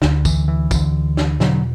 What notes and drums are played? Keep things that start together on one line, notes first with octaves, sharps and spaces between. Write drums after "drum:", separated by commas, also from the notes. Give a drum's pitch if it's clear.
D2 D3, drum: snare
E3, drum: kick, tambourine
E3
D2 D3, drum: kick, tambourine
drum: snare
E2 B2 D3 F#3, drum: snare